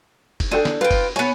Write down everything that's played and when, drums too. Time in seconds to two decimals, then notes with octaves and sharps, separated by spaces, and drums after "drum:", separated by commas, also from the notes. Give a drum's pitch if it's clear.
0.40 drum: kick, cymbal
0.51 D4 G#4 A4 G5
0.65 drum: snare
0.81 F4 B4 G5
0.91 drum: kick, cymbal
1.16 B3 C#5 G#5, drum: cymbal